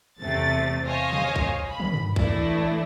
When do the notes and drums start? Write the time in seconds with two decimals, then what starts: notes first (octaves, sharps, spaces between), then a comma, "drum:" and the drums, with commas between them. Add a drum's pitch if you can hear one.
0.20 E2 C3 A3 A6
0.86 C5 C#5 D#5 F5 G#5
1.13 drum: tom B2
1.36 drum: kick
1.69 B5
1.80 drum: tom
1.94 drum: tom G2
2.16 A2 E3 A3 D4 E4, drum: kick